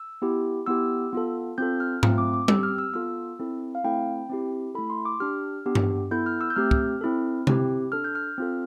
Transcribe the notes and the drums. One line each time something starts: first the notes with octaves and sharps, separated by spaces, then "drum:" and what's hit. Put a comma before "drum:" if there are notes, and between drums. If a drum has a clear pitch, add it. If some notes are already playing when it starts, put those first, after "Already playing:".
Already playing: E6
B3 E4 G4
B3 E4 G4 E6
B3 F4 A4
C4 F4 A4 G6
F6
A3 C4 F4, drum: tom G#2
D6
D6
C4 G4 E6, drum: tom G3
F6
E6
B3 F4 A4 E6
C4 E4 A4
F5
A3 C4 E4 A4 G5
C4 E4 G4
A3 E4 A4 B5
C6
D6
D4 G4 F6
B3 D4 G4
drum: tom G2
B3 E4 A4 G6
F6
E6
G6
A3 C4 G4 F6
drum: kick
C4 E4 A4
C4 E4 G4, drum: tom C3
D4 A4 F6
G6
F6
C4 F4 A4